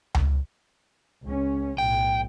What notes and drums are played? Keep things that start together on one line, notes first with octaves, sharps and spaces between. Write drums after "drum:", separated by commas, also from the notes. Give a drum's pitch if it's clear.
drum: tom C#2
C#2 C#4
B1 A2 G5